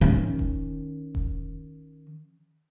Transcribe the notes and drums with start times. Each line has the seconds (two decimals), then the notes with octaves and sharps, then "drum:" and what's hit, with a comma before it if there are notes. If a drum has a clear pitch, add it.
0.01 D#3 C#4
0.39 drum: kick E1
1.15 drum: kick E1